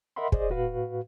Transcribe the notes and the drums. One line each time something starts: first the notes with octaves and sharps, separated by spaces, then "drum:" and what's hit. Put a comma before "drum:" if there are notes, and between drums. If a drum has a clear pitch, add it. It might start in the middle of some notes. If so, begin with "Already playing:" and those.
A#4 D#5 E5 F#5 B5 C6
G#4 C5 D5 D#5, drum: kick
A2 F#4 B4 F5